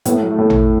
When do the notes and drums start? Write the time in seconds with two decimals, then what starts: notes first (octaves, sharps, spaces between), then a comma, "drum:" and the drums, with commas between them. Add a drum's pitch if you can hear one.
0.05 A2 B3, drum: hi-hat
0.14 A3
0.23 F#3
0.31 A3
0.38 A2
0.50 drum: tom A1